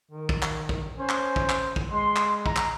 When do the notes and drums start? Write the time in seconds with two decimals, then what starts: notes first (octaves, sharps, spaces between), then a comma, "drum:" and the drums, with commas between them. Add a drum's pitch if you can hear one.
0.11 D#3
0.29 drum: kick A#1
0.42 drum: clap
0.69 drum: kick A#1
0.98 C#4 C5
1.09 drum: clap
1.36 drum: kick A#1
1.49 drum: clap
1.76 drum: kick A#1
1.90 G#3 C6
2.16 drum: clap
2.46 A#5, drum: kick A#1
2.56 drum: clap